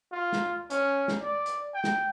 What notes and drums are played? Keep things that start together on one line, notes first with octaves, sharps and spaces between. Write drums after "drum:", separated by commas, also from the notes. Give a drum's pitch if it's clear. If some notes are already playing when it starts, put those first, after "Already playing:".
F4
drum: snare
C#4, drum: hi-hat
drum: snare
D5
drum: hi-hat
G5
drum: snare